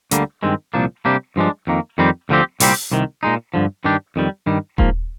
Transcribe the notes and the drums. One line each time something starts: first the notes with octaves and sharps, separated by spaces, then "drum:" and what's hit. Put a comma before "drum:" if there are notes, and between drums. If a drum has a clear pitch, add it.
D2 D3 G3 A#3, drum: hi-hat
G2 D#3 G#3 C4
C2 A#2 F3 A#3 D4
C3 G3 A#3 D4 G4
G2 F3 G#3 D4
F2 D#3 A#3
F2 D#3 G3 C4 G4
D2 D3 F3 C4 G4
C2 A#2 G3 C4 G4, drum: open hi-hat
C2 C3 D#3
A#2 G#3 D#4
G2 D3 F3
G2 D#3 G3 D4 G4
F2 D#3 G3
G2 D#3 G3
G#2 F3 A#3, drum: kick D#1